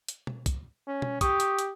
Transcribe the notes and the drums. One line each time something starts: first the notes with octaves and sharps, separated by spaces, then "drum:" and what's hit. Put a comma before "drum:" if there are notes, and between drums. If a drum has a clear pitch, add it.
drum: hi-hat
drum: tom B2
drum: kick, hi-hat
C#4
drum: tom B2
G4 C#6 D#6, drum: kick, hi-hat
drum: hi-hat
drum: hi-hat